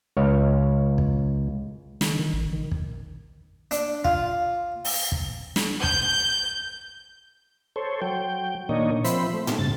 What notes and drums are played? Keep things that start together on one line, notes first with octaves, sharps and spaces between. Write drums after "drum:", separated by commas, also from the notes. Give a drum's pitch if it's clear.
C#2 C#5 F5
drum: kick
D#3, drum: snare
D#3
A1
D#3
drum: kick
D4, drum: hi-hat
F4, drum: kick
drum: open hi-hat
drum: kick
drum: snare
G6, drum: kick
A4 C5 C#5
F#3 G5
A#2 D#3 A#3 D4 C#5 D#5
F3 C4 C5 E5 B5, drum: hi-hat
A3
drum: tom
G2 C#3 A6